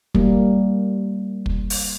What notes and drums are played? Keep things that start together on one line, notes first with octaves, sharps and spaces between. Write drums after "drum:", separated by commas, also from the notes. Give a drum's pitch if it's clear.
G3 A#3, drum: kick
drum: kick
drum: open hi-hat